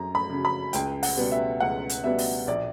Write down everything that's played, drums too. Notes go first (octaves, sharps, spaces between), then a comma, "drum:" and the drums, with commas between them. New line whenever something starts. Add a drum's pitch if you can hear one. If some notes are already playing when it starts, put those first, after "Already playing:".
Already playing: F#2 F#3 A#5
B5
C#3 F#3
B5
C#2 G5, drum: hi-hat
F#5, drum: open hi-hat
B2 G3 B3
E5
C#2 F#5
drum: hi-hat
B2 G3 B3 E5
drum: open hi-hat
A#1 D5